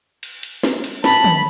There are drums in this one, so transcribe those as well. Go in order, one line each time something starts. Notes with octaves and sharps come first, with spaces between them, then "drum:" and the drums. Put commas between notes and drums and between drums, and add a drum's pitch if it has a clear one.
drum: cymbal
drum: cymbal
drum: snare
drum: cymbal
A5 B5, drum: snare
drum: tom